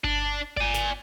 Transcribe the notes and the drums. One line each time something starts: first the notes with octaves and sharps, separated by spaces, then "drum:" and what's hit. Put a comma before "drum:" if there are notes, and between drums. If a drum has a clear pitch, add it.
D4, drum: kick G1
D5 G#5, drum: kick G1
drum: snare